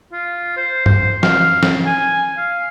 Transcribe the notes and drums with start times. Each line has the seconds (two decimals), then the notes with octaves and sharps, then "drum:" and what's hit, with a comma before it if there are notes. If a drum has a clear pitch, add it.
0.13 F4
0.57 C5
0.86 C5, drum: tom
1.23 F5, drum: snare
1.63 drum: snare
1.86 G#5
2.38 F5